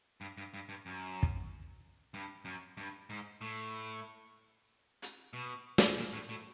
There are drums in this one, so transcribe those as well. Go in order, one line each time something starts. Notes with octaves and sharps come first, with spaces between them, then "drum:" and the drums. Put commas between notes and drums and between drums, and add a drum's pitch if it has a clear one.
G2
G2
G2
G2
F#2
drum: kick
G2
F#2
G2
G#2
A2
drum: hi-hat
B2
drum: snare
A#2
A2
A2